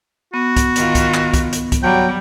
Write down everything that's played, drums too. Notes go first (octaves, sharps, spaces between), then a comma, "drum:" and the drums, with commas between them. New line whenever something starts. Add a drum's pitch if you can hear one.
B3 F#4
drum: kick, hi-hat
D#3 F4, drum: hi-hat
drum: kick, hi-hat
drum: clap
drum: kick, hi-hat
drum: hi-hat
drum: kick, hi-hat
F#3 G3 G5